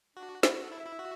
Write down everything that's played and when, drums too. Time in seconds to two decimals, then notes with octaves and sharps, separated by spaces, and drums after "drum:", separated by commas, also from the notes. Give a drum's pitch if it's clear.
0.16 D4 F#4
0.43 E4 F#4, drum: snare
0.62 A4
0.72 E4
0.80 E5
0.86 E4
0.99 F#4